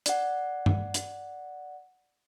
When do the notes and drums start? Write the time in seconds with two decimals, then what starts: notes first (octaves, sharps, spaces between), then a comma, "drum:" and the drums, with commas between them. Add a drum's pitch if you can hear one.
0.06 D5 F#5, drum: hi-hat
0.66 drum: tom G2
0.94 drum: hi-hat